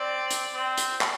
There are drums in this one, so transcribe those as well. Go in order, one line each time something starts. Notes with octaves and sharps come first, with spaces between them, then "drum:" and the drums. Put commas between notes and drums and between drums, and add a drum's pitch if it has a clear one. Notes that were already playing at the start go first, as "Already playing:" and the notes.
Already playing: C4 D5
drum: hi-hat
C4
drum: hi-hat
drum: clap